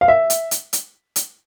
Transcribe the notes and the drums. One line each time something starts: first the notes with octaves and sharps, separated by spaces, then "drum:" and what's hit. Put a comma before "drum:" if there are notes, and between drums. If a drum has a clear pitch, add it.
F5
E5
drum: hi-hat
drum: hi-hat
drum: hi-hat
drum: hi-hat